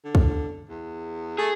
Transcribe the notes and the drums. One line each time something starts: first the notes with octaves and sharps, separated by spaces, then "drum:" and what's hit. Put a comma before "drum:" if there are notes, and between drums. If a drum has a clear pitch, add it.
D3
drum: kick
E2
A3 G#4